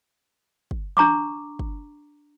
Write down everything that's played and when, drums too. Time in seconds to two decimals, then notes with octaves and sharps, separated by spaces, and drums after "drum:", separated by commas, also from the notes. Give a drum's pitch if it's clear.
0.71 drum: kick
0.97 D4 A#5 C#6 D6, drum: tom E3
1.59 drum: kick